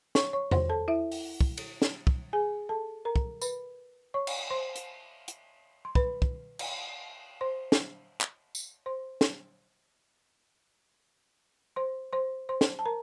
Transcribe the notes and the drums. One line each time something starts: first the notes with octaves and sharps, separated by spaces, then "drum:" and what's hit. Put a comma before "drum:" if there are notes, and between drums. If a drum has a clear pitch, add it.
C#5 C#6, drum: snare
C#5 C#6
C5 C6, drum: tom E2
A4 A5
E4 E5
drum: open hi-hat
drum: kick
drum: cymbal
drum: snare
drum: kick
G#4 G#5
A4 A5
A#4 A#5
drum: kick
B4 B5, drum: tambourine
C#5 C#6
drum: cymbal
C5 C6
drum: hi-hat
drum: hi-hat
C6
B4 B5, drum: kick
drum: kick
drum: cymbal
C5 C6
drum: snare
drum: clap
drum: tambourine
C5 C6
drum: snare
C5 C6
C5 C6
C5 C6
drum: snare
A5
A#4 A#5